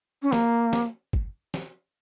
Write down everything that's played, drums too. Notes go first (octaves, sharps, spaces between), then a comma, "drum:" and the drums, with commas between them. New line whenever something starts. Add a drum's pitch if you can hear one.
C#4
A#3, drum: snare
drum: snare
drum: kick G1
drum: snare